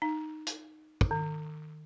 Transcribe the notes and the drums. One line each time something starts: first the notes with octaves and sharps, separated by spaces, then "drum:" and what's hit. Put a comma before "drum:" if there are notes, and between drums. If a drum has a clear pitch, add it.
D#4
drum: hi-hat
drum: kick
D#3